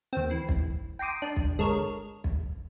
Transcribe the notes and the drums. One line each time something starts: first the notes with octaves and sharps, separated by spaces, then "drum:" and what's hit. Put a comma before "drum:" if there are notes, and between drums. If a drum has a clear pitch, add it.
D#2 C4
E3 C7
drum: kick
G5 A#5 C6 D6 D#6
D4
drum: kick
G1 G#3 A4 A#4 C#5 F6
drum: kick